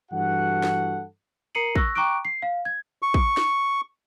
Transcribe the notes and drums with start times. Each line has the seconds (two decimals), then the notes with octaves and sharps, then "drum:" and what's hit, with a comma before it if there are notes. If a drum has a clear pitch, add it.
0.12 G2 E3 F#4 A4 F#5
0.63 drum: snare
1.55 A#4 A#5 C7 C#7 D#7 F#7
1.75 C#6 E6 F#6 A#6, drum: kick
1.95 G5 A#5 C#6 D6 F#6 D7
2.25 C7
2.42 F5
2.65 G#6
3.02 C#6
3.14 drum: kick
3.37 drum: snare